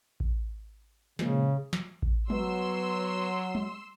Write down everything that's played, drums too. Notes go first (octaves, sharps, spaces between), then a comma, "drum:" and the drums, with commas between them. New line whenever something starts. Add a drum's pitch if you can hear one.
drum: kick A1
A#2 C#3 F3 G#3, drum: snare
drum: snare
drum: kick A1
F#3 B3 C6 E6, drum: tom G3
drum: tom G3